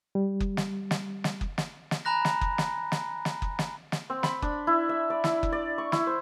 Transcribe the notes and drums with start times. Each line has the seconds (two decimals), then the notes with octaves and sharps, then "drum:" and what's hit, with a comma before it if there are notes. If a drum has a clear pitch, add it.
0.15 G3
0.40 drum: kick F#1
0.57 drum: snare
0.91 drum: snare
1.24 drum: snare
1.41 drum: kick F#1
1.58 drum: snare
1.91 drum: snare
2.05 G#5 A#5 B5 F#6 A#6
2.25 drum: snare
2.41 drum: kick F#1
2.58 drum: snare
2.92 drum: snare
3.25 drum: snare
3.42 drum: kick F#1
3.59 drum: snare
3.92 drum: snare
4.10 C4
4.23 B5, drum: snare
4.42 D4, drum: kick F#1
4.67 E4
4.89 E5
5.10 D5
5.24 E4, drum: snare
5.43 drum: kick F#1
5.52 D5
5.78 C#6
5.92 E4, drum: snare
6.07 C5